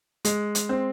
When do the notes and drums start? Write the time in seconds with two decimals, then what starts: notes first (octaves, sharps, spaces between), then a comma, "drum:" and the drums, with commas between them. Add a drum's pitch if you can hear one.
0.25 G#3, drum: hi-hat
0.55 drum: hi-hat
0.69 C4